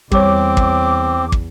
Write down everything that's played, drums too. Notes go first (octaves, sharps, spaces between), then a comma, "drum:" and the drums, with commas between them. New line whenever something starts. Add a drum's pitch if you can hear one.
E2 G3 C4 C#5 D6, drum: kick
drum: kick
drum: kick